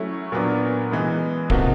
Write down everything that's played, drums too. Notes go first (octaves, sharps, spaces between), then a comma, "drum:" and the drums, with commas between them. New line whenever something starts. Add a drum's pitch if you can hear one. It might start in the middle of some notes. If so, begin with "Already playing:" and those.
Already playing: F#3 A3 C#4 E4
A#2 F#3 B3 D4
E3 G#3 B3
C3 F3 A#3 D#4 F#4, drum: kick D1